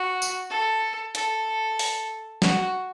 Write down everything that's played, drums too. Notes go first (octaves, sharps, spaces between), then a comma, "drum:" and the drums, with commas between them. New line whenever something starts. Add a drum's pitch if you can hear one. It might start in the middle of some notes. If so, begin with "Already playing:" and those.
Already playing: F#4
drum: tambourine
A4
A4, drum: hi-hat
drum: open hi-hat
F#4, drum: snare